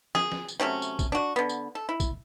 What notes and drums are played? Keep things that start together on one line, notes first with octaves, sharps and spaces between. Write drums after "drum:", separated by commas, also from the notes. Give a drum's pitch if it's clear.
G#4, drum: snare
drum: snare
drum: tambourine
C3 F#3 A3 C#4
drum: tambourine
drum: kick, tambourine
D4 F#4
D3 B3
drum: tambourine
A4
E4
drum: kick, tambourine